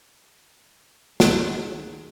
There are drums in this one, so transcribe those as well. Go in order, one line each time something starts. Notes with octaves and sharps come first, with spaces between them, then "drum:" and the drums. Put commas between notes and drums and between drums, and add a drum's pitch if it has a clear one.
D#3 G#4, drum: snare